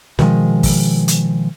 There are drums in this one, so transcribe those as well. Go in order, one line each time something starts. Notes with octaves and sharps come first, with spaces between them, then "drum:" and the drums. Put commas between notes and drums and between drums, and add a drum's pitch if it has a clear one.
B2 D#3 F3 G#3, drum: snare
drum: kick, open hi-hat
drum: hi-hat